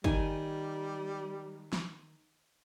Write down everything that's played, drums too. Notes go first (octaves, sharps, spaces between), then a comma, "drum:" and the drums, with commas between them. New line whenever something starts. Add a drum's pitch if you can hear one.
D#3 G3 G#5, drum: kick
drum: snare